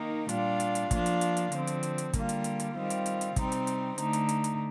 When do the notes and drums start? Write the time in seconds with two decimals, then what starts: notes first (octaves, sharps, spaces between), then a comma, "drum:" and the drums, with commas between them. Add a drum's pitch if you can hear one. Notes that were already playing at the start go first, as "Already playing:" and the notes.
Already playing: D#3 A#3 D#4
0.29 A#2 G3 D4 F4, drum: hi-hat
0.60 drum: hi-hat
0.75 drum: hi-hat
0.91 F3 A#3 D4 F4, drum: kick, hi-hat
1.06 drum: hi-hat
1.21 drum: hi-hat
1.37 drum: hi-hat
1.52 D3 F3 C4, drum: hi-hat
1.67 drum: hi-hat
1.83 drum: hi-hat
1.98 drum: hi-hat
2.13 D3 G3 A#3 F4, drum: kick, hi-hat
2.29 drum: hi-hat
2.44 drum: hi-hat
2.60 drum: hi-hat
2.75 D#3 G3 C4 F4
2.90 drum: hi-hat
3.06 drum: hi-hat
3.21 drum: hi-hat
3.36 C3 G3 C4 D#4, drum: kick, hi-hat
3.52 drum: hi-hat
3.67 drum: hi-hat
3.98 D3 A3 D#4, drum: hi-hat
4.13 drum: hi-hat
4.29 drum: hi-hat
4.44 drum: hi-hat